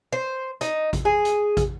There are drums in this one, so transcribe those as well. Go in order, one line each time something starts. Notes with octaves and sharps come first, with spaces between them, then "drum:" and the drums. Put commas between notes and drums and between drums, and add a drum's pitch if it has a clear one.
C5
D#4, drum: hi-hat
drum: kick, hi-hat
G#4
drum: hi-hat
drum: kick, hi-hat